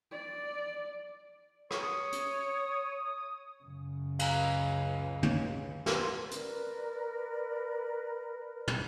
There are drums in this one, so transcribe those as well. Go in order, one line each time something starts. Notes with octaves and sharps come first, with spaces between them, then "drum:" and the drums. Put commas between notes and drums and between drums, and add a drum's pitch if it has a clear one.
D5
C#5 D#6, drum: rim click
drum: hi-hat
F#2 C#3
C#2 F5 G#5 A#5, drum: cymbal
drum: tom
C6, drum: snare
A#4 B4 D5, drum: hi-hat
drum: tom